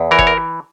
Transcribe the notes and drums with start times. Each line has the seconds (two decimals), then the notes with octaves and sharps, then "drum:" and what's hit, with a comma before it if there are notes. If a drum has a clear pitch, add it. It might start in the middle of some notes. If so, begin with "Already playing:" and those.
Already playing: E2
0.11 E3 A#4
0.19 C#5, drum: kick G1
0.27 A#4